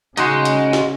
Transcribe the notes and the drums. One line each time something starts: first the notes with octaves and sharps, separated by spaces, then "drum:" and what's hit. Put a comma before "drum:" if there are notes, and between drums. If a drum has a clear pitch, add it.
C#3 D#4 F#4 D#5 F#5 G#5 C6, drum: hi-hat
drum: hi-hat
drum: snare